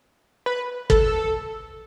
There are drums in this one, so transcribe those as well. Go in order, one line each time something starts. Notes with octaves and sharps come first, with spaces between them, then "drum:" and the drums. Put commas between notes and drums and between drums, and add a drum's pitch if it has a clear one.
B4
A4, drum: kick